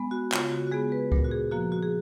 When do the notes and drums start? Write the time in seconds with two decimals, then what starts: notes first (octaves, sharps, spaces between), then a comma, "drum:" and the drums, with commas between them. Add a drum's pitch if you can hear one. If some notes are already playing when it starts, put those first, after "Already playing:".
Already playing: G#3 B3
0.11 F#4
0.32 C#3 F4, drum: clap
0.52 F#4
0.67 F#4
0.72 G#3 B3 G#4
0.92 B4
1.12 A#2 A#4, drum: kick D2
1.24 F#4
1.31 G#4
1.51 F3 A#3 F#4
1.72 F#4
1.83 G#4